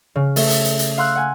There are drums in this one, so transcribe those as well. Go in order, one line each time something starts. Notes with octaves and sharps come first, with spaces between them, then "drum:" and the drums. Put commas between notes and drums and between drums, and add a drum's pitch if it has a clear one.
C#3
A3 E5, drum: open hi-hat
drum: hi-hat
drum: hi-hat
drum: hi-hat
F5 C6 E6 F#6
F#5 G#5